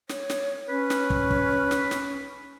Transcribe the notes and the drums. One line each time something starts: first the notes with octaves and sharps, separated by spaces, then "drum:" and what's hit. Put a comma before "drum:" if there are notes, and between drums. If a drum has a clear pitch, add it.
C#5, drum: snare
drum: snare
C#4 B4
drum: snare
drum: kick
drum: kick
drum: snare
drum: snare